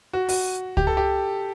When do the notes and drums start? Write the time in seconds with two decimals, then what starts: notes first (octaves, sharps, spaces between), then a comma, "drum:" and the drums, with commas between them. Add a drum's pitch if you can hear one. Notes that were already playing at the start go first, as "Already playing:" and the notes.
0.13 F#4
0.29 F#4, drum: open hi-hat
0.77 G4, drum: kick C#2
0.87 A4
0.97 G4